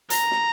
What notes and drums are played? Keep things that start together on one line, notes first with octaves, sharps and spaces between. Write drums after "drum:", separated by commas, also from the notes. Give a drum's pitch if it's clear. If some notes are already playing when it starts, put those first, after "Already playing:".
A#5, drum: hi-hat
drum: snare